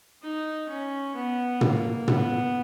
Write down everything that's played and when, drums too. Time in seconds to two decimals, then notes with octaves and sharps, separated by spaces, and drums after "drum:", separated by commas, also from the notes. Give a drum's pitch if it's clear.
0.23 D#4
0.69 C#4
1.15 B3
1.61 A#3, drum: tom
2.08 B3, drum: tom